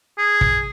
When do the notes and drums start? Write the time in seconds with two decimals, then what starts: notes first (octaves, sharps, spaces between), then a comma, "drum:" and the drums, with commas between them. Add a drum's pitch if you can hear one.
0.18 G#4
0.41 drum: kick